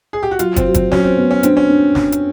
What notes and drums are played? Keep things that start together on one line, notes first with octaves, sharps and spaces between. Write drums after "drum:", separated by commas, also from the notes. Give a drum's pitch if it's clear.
G#4
G4
F#4
F#3 F4, drum: hi-hat
C4, drum: kick, hi-hat
F#3
C4, drum: kick, hi-hat
F#3 C#4, drum: snare
C4
B3
C#4
C4 D4, drum: hi-hat
C#4
D4
drum: snare
drum: hi-hat